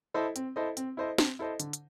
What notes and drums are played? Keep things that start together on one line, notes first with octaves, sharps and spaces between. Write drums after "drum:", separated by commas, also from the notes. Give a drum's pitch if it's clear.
E4 A4 C5 D#5
C4, drum: hi-hat
E4 A4 C5 D#5
C4, drum: hi-hat
E4 A4 C5 D#5
C4, drum: snare
E4 A4 C5 D#5
D3, drum: hi-hat
drum: hi-hat